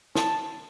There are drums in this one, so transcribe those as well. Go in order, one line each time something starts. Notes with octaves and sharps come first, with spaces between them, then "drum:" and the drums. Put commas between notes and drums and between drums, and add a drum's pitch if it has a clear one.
A5, drum: snare